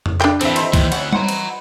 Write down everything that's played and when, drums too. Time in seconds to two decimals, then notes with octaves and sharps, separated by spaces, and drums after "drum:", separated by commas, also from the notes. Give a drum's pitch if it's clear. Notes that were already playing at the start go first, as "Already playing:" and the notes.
0.06 drum: tom F2
0.20 G3 D4 G5, drum: clap
0.41 E3 C4 A4 E5, drum: cymbal
0.56 D#4 E4 C5, drum: cymbal
0.73 D#2 E3, drum: kick C2, cymbal
0.92 D2 C#4 C#5 F#5 B5, drum: cymbal
1.13 B4 C5 F#5 A#5, drum: tom G3
1.28 drum: cymbal